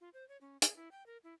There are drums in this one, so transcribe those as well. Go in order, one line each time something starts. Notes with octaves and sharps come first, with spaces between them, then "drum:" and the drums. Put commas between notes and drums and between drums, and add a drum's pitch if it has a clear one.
F4
C5
C#5
C#4
G#4, drum: hi-hat
E4
G5
A#4
E4